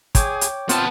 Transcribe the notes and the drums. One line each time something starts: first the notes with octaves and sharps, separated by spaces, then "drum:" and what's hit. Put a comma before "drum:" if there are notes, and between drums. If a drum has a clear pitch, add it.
G#4 C#5 G5 D6, drum: kick, hi-hat
drum: hi-hat
B3 C4 F4 A5, drum: hi-hat